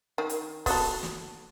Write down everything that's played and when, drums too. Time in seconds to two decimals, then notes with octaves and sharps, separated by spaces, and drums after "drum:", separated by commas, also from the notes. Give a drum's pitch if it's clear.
0.18 D#3
0.29 drum: hi-hat
0.66 B3 F#4 A4, drum: kick, open hi-hat
1.03 drum: snare